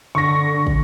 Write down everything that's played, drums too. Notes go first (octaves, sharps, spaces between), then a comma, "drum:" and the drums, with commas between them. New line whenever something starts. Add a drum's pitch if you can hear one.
D3 C#6 A#6
drum: kick